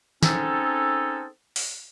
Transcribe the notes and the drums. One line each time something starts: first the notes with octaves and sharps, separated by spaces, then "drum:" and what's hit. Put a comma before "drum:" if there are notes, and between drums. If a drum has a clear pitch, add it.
C4 C#4 D#4 G#4 A4, drum: snare
drum: open hi-hat